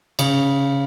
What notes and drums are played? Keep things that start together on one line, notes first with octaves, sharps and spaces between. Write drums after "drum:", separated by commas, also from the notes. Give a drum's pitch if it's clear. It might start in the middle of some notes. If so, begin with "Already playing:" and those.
C#3, drum: cymbal